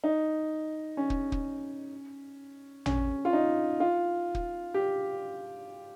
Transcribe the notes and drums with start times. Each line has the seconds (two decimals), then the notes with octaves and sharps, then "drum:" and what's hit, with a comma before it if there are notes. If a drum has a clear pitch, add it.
0.04 D#4
0.97 C#4
1.10 drum: kick
1.32 drum: kick
2.86 C#4, drum: tom A1
3.25 F4
3.33 D#4
3.80 F4
4.35 drum: kick
4.74 G4